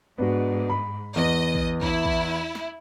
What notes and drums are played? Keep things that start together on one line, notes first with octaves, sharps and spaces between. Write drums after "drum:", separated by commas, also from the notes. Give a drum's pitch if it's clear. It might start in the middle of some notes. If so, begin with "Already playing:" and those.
G#2 B3 D4 F#4
B5
E2 B3 D#5
drum: kick
E4, drum: kick
drum: kick
drum: snare